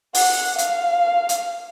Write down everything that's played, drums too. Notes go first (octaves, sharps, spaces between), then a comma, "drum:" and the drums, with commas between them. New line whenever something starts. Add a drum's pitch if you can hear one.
F#5, drum: open hi-hat
F5, drum: hi-hat
drum: hi-hat